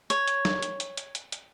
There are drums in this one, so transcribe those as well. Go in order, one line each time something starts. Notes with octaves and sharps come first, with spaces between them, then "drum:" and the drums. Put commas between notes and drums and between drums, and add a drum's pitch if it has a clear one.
C#5, drum: hi-hat
drum: hi-hat
drum: snare
drum: hi-hat
drum: hi-hat
drum: hi-hat
drum: hi-hat
drum: hi-hat